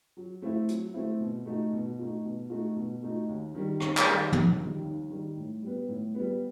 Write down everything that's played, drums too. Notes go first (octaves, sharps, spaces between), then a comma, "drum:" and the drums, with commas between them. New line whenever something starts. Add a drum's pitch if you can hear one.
F#3
A3 C4 E4
F#3, drum: hi-hat
A3 C4 E4
B2
A3 D#4 F#4
B2
A3 D#4 F#4
B2
A3 D#4 F#4
B2
A3 D#4 F#4
D#2
D#3 G3
D#2, drum: rim click
drum: clap
D#3 G3
D#2, drum: tom
D#3 G3
D#2
D#3 G3
A2
G3 B3
A2
G3 B3